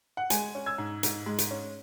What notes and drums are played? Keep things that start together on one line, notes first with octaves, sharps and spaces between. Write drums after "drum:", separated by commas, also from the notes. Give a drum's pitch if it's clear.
F#5
G#3 G#5, drum: hi-hat
C#4
E6 G#6
G#2
G#2, drum: hi-hat
G#3
drum: hi-hat
C#4